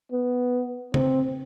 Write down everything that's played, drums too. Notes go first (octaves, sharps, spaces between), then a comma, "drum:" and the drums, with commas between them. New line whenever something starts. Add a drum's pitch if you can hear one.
B3
C4, drum: tom C#3